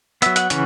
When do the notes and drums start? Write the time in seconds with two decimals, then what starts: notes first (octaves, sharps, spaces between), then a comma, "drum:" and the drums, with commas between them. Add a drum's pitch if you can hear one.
0.22 F#3 B3 E5, drum: hi-hat
0.36 F#5, drum: hi-hat
0.50 C#3 E3 C#4, drum: hi-hat